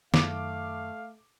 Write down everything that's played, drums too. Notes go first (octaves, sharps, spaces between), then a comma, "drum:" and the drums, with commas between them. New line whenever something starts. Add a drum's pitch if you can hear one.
F#2 D#3 A3 F5 D6, drum: snare